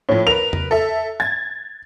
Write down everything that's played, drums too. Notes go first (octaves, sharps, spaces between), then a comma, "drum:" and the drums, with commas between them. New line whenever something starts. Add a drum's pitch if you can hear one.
A2 F3 C#5
A#4 B4 F7
drum: tom E2
A4 E5
G#6 A6